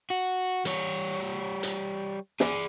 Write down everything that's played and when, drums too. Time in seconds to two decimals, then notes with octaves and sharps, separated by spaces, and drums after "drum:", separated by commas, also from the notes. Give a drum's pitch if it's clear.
0.10 F#4
0.65 G3 C#5, drum: hi-hat
1.63 drum: hi-hat
2.40 G#4 D5, drum: snare